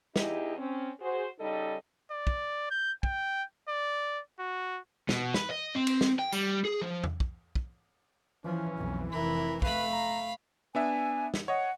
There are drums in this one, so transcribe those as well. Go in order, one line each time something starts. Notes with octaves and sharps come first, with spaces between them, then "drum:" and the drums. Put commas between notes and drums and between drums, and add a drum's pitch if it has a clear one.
E2 D#4 E4 G4 G#4 D#5, drum: snare
C4 C#4
F#4 G#4 C5
C#3 G3 D#4 A4 D#5
D5
drum: kick
G6
G5, drum: kick
D5
F#4
B2, drum: snare
B4, drum: snare
D#5
C4
drum: cymbal
drum: snare
G5
G3, drum: tambourine
G#4
F3
drum: tom E2
drum: kick
drum: kick
E3 F3 C#4
B1 F2
F1 E4 A#4 B5
A3 B4 F5 B5, drum: kick
A#5
B3 D4 E5 G#5
drum: snare
C#5 D#5 F#5